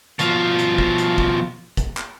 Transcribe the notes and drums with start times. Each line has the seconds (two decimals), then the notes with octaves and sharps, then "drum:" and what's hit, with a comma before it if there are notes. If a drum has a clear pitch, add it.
0.19 B2 F3, drum: hi-hat
0.59 drum: hi-hat
0.78 drum: kick
0.98 drum: hi-hat
1.18 drum: kick
1.77 drum: kick, hi-hat
1.97 drum: clap